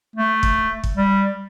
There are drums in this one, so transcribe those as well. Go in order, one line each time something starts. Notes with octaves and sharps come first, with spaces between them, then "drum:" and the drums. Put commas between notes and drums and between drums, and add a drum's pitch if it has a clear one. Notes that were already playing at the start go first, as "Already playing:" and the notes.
A3
drum: kick
drum: kick
G3